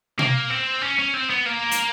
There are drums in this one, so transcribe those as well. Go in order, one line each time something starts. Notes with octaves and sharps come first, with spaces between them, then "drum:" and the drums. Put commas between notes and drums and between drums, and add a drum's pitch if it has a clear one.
A#3, drum: tom B2
C4
C#4
C#4
C4
B3
A#3
drum: hi-hat